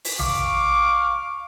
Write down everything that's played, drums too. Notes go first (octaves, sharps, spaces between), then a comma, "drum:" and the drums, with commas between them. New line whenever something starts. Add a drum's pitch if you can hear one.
drum: open hi-hat
F5 C#6 D6, drum: tom A#1